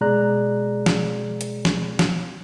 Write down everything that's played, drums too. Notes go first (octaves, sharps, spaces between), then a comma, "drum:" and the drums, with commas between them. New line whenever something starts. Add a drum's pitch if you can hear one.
B2 G#3 G#4 D5 A#5 F#6
drum: snare
drum: hi-hat
drum: snare
drum: snare